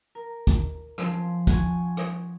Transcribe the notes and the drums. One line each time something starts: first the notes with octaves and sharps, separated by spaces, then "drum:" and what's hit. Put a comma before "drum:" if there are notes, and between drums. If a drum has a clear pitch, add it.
A#4
drum: kick, hi-hat
F3 C#4 C5 C6, drum: rim click
F#5 G#5 C#6, drum: kick, hi-hat
drum: rim click